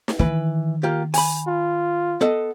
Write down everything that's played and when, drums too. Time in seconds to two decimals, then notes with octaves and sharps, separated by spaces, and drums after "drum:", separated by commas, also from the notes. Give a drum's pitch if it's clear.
0.08 drum: snare
0.19 D#3 E3 B4
0.83 A#3 F4 G4
1.14 G#5 B5, drum: open hi-hat
1.47 F4
2.21 B3 A4 D#5